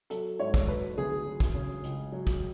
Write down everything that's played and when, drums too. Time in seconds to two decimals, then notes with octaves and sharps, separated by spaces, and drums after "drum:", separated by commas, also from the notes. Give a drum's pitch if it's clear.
0.10 F#3 A4, drum: hi-hat
0.39 G#2 C#5
0.54 drum: kick, hi-hat
0.68 F#3 B4
0.98 D2 G#4
1.26 F#3
1.40 drum: kick, hi-hat
1.54 C#3
1.83 C#2, drum: hi-hat
2.12 F#3
2.27 drum: kick, hi-hat